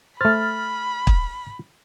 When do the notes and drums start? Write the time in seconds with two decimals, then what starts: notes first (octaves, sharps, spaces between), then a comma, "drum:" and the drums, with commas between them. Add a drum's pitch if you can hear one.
0.21 A3 C5 B5 F6 A6
1.07 drum: kick